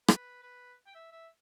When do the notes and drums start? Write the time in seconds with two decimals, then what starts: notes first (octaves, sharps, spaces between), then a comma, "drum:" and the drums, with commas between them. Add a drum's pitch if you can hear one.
0.08 B4, drum: rim click
0.43 B4
0.87 G5
0.95 E5
1.12 E5